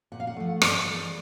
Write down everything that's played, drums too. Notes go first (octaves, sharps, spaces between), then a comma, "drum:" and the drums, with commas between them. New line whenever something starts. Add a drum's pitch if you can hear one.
A#2 F#5
F5
F#5
F3 A3
G2 D5, drum: rim click
E3 G#3